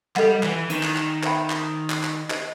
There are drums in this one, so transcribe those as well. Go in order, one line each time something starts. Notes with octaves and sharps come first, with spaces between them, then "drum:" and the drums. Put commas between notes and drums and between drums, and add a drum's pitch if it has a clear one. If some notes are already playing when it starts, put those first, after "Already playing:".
G3 A4 D#5 F#5, drum: clap
E3, drum: clap
D#3, drum: hi-hat
drum: clap
drum: clap
C5 E5 G5 B5, drum: clap
drum: clap
drum: clap
drum: clap
G4 C5 D#5, drum: clap